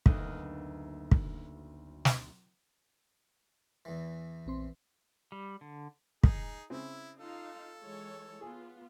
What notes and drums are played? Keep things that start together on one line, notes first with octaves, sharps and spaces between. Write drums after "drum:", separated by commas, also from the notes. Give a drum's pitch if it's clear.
F#1 D2 A#3 B3 D#4 D#5, drum: kick
drum: kick
drum: snare
E2 E3
A#1 C4 C6
G3
D3
D#4 G#4, drum: kick
C#3 C4 E4
D#4 F4 A4 F5
E3 G#3 C#5
B3 F4 G#4